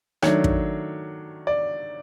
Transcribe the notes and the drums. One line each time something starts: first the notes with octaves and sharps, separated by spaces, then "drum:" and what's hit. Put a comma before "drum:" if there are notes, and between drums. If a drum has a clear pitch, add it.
D#3 F#3 A3 D4 C#5, drum: rim click
drum: kick
D5